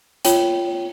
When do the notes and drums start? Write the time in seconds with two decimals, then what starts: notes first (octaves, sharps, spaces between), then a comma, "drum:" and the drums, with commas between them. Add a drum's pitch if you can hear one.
0.25 F4 C#5 G5, drum: hi-hat